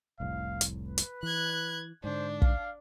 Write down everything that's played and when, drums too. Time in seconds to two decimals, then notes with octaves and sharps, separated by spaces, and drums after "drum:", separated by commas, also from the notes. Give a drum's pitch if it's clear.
0.20 F1 C2 A2 F5
0.61 drum: hi-hat
0.87 B4
0.98 drum: hi-hat
1.23 E3 F#6 G#6
2.04 G#2 D3 D4 C5
2.42 F5, drum: kick